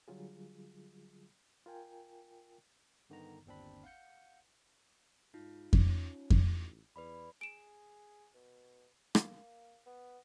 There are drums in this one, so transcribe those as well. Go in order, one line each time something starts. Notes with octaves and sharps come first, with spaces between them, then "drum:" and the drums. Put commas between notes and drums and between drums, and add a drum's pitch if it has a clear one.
D3 F#3 G3 F4 G#4
F4 A#4 G5 G#5
G2 D3 D#3 B3 D#4 A#5
G1 D#2 C4 D4 B5
F5 F#5 G6 C#7
G#2 D#4 F4
C#4, drum: kick F2
drum: kick F2
A1
E2 B4 D5 B5
G#4 D7 E7
B2
A#3, drum: rim click
B3